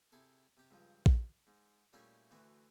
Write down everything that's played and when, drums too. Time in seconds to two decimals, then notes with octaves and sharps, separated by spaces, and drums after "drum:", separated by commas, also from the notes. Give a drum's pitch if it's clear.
0.12 C3 E4 G#4 A4
0.57 C3 G4
0.71 C#2 G2 F3
1.06 drum: kick A#1
1.47 G#2
1.93 A#2 G3 A3 C#4 E4 G#4
2.31 D2 E3 A3 F#4